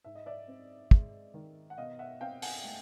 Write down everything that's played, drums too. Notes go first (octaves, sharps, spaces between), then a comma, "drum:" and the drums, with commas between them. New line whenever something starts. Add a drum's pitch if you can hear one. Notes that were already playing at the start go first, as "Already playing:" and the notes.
G#2 E5
D#5
D5 E5
C4
G#3, drum: kick
D#3
F#5
B2 D#5 F5
E5 F#5
C4 F5 G5
F#5 G#5, drum: open hi-hat
A3